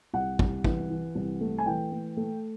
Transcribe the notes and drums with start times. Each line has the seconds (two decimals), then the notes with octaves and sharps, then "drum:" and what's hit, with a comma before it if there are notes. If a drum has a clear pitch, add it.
0.13 C2 F#5
0.39 C2, drum: kick
0.64 E3, drum: kick
0.89 E3
1.15 C2
1.41 A3
1.58 G#5
1.66 E3 G5
1.92 A3
2.17 A3